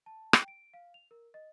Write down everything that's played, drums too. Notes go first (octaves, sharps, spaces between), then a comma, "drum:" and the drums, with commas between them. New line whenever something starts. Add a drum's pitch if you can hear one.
A5
G5, drum: rim click
D7
F5
F7
A#4
D#5